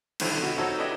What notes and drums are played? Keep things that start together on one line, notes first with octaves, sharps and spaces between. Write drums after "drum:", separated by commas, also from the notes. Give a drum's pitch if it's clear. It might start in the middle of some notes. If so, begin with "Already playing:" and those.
B1 D3 D#3 F3 G3 A3, drum: cymbal
B2 F#4
C4 D#4 F#4 A4 C#5
B3 D4 E4 G4 C#5 D#5